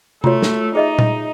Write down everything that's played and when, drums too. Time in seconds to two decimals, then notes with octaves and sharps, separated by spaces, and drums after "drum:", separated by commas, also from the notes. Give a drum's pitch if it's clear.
0.24 A3 F4 F#4 C#5, drum: tom C3
0.43 drum: snare
0.75 D#4 G#4 D#5 E5
0.99 drum: tom A#2